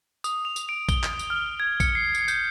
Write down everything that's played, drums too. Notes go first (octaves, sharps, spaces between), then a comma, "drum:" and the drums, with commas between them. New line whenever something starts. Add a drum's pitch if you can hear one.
D#6, drum: tambourine
F7
drum: tambourine
D7
G7, drum: kick, tambourine
drum: clap
drum: tambourine
F6
G#6
C#7, drum: kick, tambourine
C7
drum: tambourine
G6, drum: tambourine